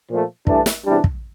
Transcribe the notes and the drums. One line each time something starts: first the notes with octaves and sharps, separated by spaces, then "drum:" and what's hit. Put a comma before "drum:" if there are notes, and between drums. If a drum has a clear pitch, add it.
A#2 F3 A3
G2 E3 A3 D4, drum: kick
drum: snare
E2 C3 E3 G3 D4
drum: kick